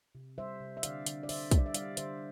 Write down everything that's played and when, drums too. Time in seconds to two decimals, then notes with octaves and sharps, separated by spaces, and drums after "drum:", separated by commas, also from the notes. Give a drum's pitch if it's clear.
0.15 C3
0.38 G3 C5 E5
0.61 C3
0.77 E5
0.83 D3 D5 F5, drum: hi-hat
1.06 D3, drum: hi-hat
1.23 D5
1.29 D3 C5 E5, drum: open hi-hat
1.51 G3, drum: kick, hi-hat
1.58 D5
1.66 E5
1.74 G3 D5 F5, drum: hi-hat
1.97 D3 C5 E5, drum: hi-hat